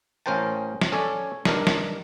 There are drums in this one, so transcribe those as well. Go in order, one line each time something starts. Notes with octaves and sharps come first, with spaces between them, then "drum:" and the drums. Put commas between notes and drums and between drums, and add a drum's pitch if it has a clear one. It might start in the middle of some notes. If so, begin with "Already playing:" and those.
A1 C#4 A#4 C5 G5 A5
drum: snare
C#4 A4 C#5 D5
G2 D#3 D4 A#4, drum: snare
drum: snare